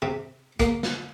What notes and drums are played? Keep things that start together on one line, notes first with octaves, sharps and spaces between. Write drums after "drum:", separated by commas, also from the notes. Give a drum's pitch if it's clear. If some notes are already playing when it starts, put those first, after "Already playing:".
C3
A#3, drum: kick, hi-hat
drum: snare